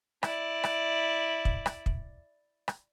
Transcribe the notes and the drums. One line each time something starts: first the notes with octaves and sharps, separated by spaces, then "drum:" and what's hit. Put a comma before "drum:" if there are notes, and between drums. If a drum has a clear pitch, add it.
E4 D5, drum: rim click
drum: rim click
drum: kick
drum: rim click
drum: kick
drum: rim click